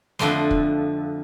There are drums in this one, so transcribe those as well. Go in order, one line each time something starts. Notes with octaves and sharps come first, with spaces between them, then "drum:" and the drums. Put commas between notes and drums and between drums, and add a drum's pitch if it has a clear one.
F2 D3 A3 D5 C6, drum: snare
drum: kick